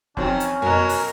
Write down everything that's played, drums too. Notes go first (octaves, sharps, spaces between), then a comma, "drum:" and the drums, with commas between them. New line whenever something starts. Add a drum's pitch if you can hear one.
F2 D#3 F#3 C4 C#4, drum: kick
drum: hi-hat
B2 F#3 A#4 G#5, drum: tom F2
drum: open hi-hat